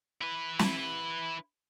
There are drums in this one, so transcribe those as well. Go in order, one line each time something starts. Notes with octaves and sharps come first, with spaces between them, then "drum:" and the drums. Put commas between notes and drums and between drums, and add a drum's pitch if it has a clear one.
E4 B4
drum: snare